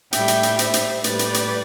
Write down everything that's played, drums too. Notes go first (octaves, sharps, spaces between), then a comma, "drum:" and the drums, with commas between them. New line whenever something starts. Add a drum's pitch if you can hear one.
A2 G3 E5 G5, drum: hi-hat
drum: hi-hat
drum: hi-hat
C5 E5, drum: hi-hat
drum: hi-hat
A2 G3 B4 D5, drum: hi-hat
drum: hi-hat
drum: hi-hat